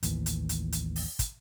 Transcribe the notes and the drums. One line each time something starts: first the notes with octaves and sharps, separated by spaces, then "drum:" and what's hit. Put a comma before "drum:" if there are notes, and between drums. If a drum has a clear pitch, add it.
A1 D#2 E3, drum: hi-hat
drum: hi-hat
drum: hi-hat
drum: hi-hat
drum: open hi-hat
drum: kick, hi-hat